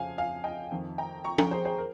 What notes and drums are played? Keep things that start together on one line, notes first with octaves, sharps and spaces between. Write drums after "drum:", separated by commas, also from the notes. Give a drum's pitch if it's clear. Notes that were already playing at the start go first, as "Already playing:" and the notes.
Already playing: F2 C#3 F3 F5 G#5
F5 G#5
D#5 G5
F2 D#3
G5 A#5
A#5 C#6
G5 A#5, drum: tom
G#4 C5
G#4 C5
A#4